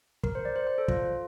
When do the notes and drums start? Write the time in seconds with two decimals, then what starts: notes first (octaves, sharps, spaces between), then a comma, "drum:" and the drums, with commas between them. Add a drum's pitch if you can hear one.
0.23 A#4, drum: kick
0.35 C5
0.45 D5
0.56 C5
0.67 C5
0.78 A4
0.88 F4, drum: kick